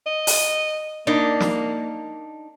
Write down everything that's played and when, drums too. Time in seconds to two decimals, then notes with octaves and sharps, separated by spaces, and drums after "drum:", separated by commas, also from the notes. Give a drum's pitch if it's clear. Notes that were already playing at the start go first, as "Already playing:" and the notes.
0.07 D#5
0.27 drum: open hi-hat
1.07 A#3 D4 D#4
1.40 drum: snare